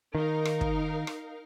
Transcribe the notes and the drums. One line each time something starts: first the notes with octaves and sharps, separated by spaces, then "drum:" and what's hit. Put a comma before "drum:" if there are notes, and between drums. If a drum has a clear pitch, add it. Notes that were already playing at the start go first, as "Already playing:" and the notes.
D#3 D#4 A#4 F5
drum: rim click
drum: kick
drum: rim click